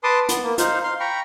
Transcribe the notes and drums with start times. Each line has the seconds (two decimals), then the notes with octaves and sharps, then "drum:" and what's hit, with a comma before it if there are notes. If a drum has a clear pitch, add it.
0.03 B4 A5 C6 D6 D#6
0.29 B3, drum: hi-hat
0.43 A#3
0.58 D#4 C5 F5, drum: hi-hat
0.83 F5 C6
1.00 G5 A#5 B5 C#6